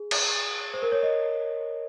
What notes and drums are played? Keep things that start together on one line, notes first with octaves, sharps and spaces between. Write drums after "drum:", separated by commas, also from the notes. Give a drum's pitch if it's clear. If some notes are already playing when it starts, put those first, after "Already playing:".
Already playing: G#4
drum: cymbal
C5
A#4
C#5
D#5